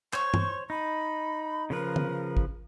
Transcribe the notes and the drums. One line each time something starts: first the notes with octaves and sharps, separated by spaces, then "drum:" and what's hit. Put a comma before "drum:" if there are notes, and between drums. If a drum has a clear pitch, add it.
C5 C#5 C#6, drum: clap
drum: tom G2
D#4 B5
C#3 F3 A#4 B4
drum: tom
drum: kick